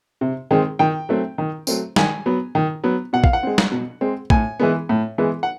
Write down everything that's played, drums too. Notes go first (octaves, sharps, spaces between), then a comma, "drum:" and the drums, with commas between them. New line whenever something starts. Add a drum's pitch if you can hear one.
C3
D#3 G#3 C4
D#3 G5
F#3 A3 C4
D#3
F#3 A3 C4, drum: tambourine
D#3 G#5, drum: snare
F#3 B3
D#3
F#3 B3
B2 F#5
F5, drum: kick
F#5
G#3 C4
drum: snare
B2
G#3 C4
A2 G#5, drum: kick
E3 G#3 B3
A2
E3 G#3 B3
F#5